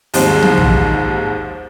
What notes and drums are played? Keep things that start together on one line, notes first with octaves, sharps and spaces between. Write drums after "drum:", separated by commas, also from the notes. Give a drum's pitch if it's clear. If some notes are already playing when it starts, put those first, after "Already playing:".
D#2 G#2 F3 G3 G#3 C4, drum: open hi-hat
drum: tom
drum: kick